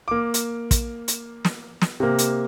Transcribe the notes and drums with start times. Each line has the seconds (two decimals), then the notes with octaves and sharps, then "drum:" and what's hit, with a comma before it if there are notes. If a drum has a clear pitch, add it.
0.08 A#3 D6
0.34 drum: hi-hat
0.71 drum: kick, hi-hat
1.08 drum: hi-hat
1.45 drum: snare
1.82 drum: snare
2.00 C3 A#3
2.18 drum: hi-hat